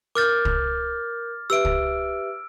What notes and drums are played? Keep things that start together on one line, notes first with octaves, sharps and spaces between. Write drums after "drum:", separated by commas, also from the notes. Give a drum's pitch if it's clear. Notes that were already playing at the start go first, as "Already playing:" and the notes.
A#4 D6 F6 G6 A6
drum: kick
G4 B4 E5 E6 D7
drum: kick